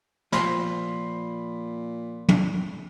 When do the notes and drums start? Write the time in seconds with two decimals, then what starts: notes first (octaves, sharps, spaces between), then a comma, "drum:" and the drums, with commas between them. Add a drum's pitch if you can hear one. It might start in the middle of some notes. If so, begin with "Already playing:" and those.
0.32 A#2 F3 B5 C6, drum: snare
2.29 drum: tom